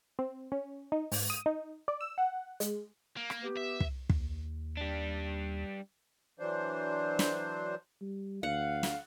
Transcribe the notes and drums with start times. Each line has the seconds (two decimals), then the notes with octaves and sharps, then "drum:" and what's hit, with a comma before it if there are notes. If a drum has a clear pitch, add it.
0.19 C4
0.52 C#4
0.92 D#4
1.12 G#2, drum: open hi-hat
1.30 D#6
1.46 D#4
1.88 D5
2.01 E6
2.18 F#5
2.60 G#3, drum: hi-hat
3.16 A#3
3.30 drum: rim click
3.43 B3 G4
3.57 E5
3.80 drum: kick
4.10 D#2, drum: kick
4.77 G3 D4
6.39 E3 F#3 D4 C5
7.19 drum: snare
8.01 G3
8.43 D2 F5 F#5
8.83 drum: snare